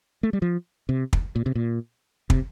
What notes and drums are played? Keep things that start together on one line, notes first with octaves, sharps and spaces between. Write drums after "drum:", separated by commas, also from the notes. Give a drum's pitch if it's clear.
A3
G3
F3
C3
drum: kick
A#2
C3
A#2
C3, drum: kick